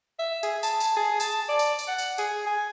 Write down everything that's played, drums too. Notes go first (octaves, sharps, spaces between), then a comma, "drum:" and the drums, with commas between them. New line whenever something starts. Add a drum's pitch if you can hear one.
E5
G#4, drum: tambourine
A5, drum: tambourine
drum: tambourine
G#4
A5, drum: tambourine
D5
drum: tambourine
drum: tambourine
F#5
drum: tambourine
G#4, drum: tambourine
G#5